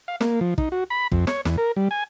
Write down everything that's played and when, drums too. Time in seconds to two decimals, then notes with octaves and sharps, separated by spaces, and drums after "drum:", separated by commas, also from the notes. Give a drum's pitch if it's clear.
0.08 F5
0.21 A#3, drum: snare
0.41 F3
0.58 D#4, drum: kick
0.72 F#4
0.90 B5
1.12 F2, drum: kick
1.27 C#5, drum: snare
1.45 E2, drum: snare
1.58 A#4
1.76 G3
1.91 G#5